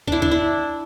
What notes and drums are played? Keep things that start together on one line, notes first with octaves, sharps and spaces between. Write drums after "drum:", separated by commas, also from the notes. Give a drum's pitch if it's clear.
D4 E4, drum: kick
D4, drum: kick
E4